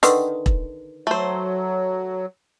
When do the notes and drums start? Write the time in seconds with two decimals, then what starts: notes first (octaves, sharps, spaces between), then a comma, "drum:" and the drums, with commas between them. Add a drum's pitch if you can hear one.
0.03 D3 D#3 B4, drum: hi-hat
0.46 drum: kick E1
1.07 F#3 A3 C5